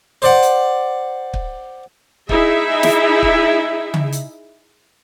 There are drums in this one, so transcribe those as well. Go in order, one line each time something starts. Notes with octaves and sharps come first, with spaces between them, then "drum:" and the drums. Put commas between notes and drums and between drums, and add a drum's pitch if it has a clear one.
C5 D5 F#5
drum: hi-hat
drum: kick
D#4 E4 G#4 E5, drum: kick
drum: snare
drum: kick
drum: tom C#3
drum: hi-hat